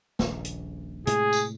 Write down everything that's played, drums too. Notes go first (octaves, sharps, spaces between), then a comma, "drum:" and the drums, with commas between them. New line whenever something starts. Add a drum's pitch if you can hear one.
D#1 A#1, drum: snare
drum: hi-hat
A2 C3 G#3 G#4, drum: hi-hat
drum: tambourine